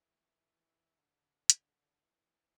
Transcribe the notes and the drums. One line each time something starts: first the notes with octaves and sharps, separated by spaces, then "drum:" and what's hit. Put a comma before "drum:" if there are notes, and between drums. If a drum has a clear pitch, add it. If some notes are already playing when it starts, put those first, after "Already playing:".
Already playing: E3
D3
drum: hi-hat
E3